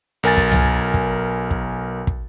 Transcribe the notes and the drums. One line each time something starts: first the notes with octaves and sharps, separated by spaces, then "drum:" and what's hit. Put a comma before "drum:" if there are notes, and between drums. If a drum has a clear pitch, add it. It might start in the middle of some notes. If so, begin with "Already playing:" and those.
B1 A#4 G#5 A6
drum: kick
drum: tom C2
drum: kick
drum: kick
drum: kick